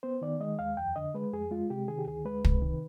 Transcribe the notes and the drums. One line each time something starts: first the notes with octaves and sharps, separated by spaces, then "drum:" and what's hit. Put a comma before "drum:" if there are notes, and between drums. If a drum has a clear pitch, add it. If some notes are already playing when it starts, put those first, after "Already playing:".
B3 C5
D#3 D5
G#3 D#5
D#2 F5
F2 G5
D3 D#5
G#3 B4
F2 G#4
G#3 F4
C3 G4
D#3 G#4
G4
D2 G#4
G#3 B4
C3, drum: kick
D#3